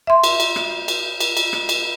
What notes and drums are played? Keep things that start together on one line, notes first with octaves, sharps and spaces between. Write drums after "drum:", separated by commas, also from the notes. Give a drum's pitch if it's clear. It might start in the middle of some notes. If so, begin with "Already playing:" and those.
E5 C6
drum: cymbal
drum: cymbal
drum: rim click
drum: cymbal
drum: cymbal
drum: cymbal
drum: rim click
drum: cymbal